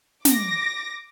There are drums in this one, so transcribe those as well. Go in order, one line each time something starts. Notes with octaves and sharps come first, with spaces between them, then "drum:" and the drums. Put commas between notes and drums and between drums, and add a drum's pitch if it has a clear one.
D6 A#6, drum: snare